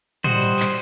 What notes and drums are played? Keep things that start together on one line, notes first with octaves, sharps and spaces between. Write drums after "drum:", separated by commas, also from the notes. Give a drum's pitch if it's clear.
G3 F#4 C5 D#5, drum: tom A2
drum: hi-hat
drum: clap